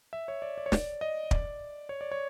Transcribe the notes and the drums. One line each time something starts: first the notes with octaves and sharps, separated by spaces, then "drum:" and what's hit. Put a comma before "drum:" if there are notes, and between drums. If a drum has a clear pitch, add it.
E5
C#5
D5
D5
C#5
D5, drum: snare
D#5
D5, drum: kick
C#5
D5
C#5